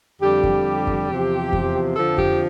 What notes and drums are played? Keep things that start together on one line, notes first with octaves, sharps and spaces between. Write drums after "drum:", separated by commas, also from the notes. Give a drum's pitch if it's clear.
F2 D3 G3 G4
drum: kick F2
drum: kick F2
E2 C3 F3
drum: kick F2
F2 D3 F3 A4
G4, drum: kick F2